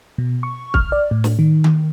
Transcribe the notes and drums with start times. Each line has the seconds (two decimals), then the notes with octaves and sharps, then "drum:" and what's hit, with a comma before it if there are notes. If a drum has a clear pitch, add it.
0.18 B2
0.43 C#6
0.74 F6, drum: kick
0.92 D5
1.11 A2
1.24 drum: snare
1.39 D#3
1.64 drum: tom D#3